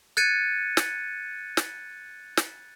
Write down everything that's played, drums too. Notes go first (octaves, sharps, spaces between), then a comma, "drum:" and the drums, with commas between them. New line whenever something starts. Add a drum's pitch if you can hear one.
F#6 G#6 A6 C#7 D#7
drum: snare
drum: snare
drum: snare